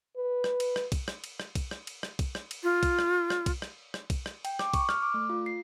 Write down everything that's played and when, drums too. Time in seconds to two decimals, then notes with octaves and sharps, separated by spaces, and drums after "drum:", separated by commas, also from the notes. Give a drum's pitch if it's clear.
0.17 B4
0.44 drum: rim click
0.60 drum: cymbal
0.76 drum: rim click
0.92 drum: kick, cymbal
1.08 drum: rim click
1.24 drum: cymbal
1.40 drum: rim click
1.55 drum: kick, cymbal
1.71 drum: rim click
1.87 drum: cymbal
2.03 drum: rim click
2.19 drum: kick, cymbal
2.35 drum: rim click
2.51 drum: cymbal
2.63 F4
2.83 drum: kick, cymbal
2.99 drum: rim click
3.30 drum: rim click
3.46 drum: kick, cymbal
3.62 drum: rim click
3.94 drum: rim click
4.10 drum: kick, cymbal
4.26 drum: rim click
4.45 G5, drum: cymbal
4.59 D6, drum: rim click
4.74 C#6, drum: kick, cymbal
4.89 F6, drum: rim click
5.02 D6
5.14 A3
5.29 F4
5.46 C7